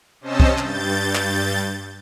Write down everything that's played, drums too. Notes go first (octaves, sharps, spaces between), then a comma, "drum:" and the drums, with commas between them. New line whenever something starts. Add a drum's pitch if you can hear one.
C3 C#4 C5 D#5 A5 E6
drum: kick C2
G2 G6 A6, drum: clap
drum: clap